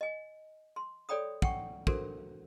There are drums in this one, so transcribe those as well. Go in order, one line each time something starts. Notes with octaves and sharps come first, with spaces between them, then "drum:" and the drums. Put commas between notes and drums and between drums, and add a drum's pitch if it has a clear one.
D#5 G#5
C6
A4 C#5 D5 G5 B5 D#6
F#5 G5 C#6, drum: kick
D4 F#4 A4 A#4 C5, drum: kick